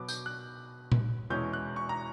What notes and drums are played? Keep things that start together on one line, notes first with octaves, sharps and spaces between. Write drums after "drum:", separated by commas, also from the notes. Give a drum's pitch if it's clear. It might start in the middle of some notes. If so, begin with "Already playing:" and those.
Already playing: B2 F#3 B3 D6
G6, drum: tambourine
F#6
drum: tom A#2
E2 B2 G#3 C#4 E4 G6
F#6
C#6
A#5